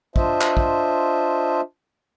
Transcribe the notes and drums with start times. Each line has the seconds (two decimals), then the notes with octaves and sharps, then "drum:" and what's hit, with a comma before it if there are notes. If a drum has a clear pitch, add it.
0.16 D4 F4 C5 D#5 E5, drum: kick
0.41 drum: clap
0.57 drum: kick